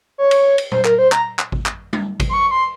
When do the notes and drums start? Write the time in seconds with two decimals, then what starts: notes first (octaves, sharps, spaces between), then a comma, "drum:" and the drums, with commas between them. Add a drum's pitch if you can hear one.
0.18 C#5
0.31 drum: cymbal
0.58 drum: cymbal
0.71 C5, drum: tom A#2
0.85 A#4, drum: clap
0.98 C5
1.12 A#5, drum: clap
1.39 drum: clap
1.52 drum: kick G#1
1.66 drum: clap
1.93 drum: tom G3
2.20 drum: kick G#1, cymbal
2.29 C6
2.33 C#6
2.51 C6